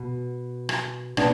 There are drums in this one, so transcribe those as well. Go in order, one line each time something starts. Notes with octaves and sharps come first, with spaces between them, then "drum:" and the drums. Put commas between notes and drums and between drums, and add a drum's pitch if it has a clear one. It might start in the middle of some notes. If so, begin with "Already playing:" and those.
Already playing: B2
drum: rim click
B2 B3 D4, drum: rim click